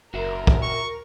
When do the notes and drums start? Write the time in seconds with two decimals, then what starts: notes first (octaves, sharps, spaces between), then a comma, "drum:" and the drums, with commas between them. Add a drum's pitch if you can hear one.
0.14 F#1 F#4 A#4 E5
0.47 drum: kick
0.62 C#6